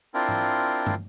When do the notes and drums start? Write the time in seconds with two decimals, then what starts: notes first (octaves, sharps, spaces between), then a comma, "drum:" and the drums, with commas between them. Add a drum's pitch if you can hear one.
0.14 C4 D4 E4 F4 A#4
0.29 drum: tom G#2
0.86 drum: tom